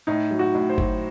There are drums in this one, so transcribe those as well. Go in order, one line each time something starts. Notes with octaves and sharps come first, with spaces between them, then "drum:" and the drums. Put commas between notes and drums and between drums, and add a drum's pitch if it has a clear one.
A2 D#4
F#3
F#4
A2
C5
F#3, drum: kick G1